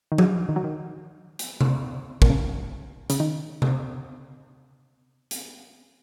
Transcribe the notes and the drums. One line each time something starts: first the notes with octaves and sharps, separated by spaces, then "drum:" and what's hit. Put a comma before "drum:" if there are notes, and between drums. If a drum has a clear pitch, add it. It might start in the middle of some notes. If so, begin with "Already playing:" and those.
D#3
F#3, drum: tom F3
D#3
F#3
D#3
drum: hi-hat
drum: tom C3
A#2, drum: kick
C#3
C#3, drum: hi-hat
D#3
drum: tom C3
drum: hi-hat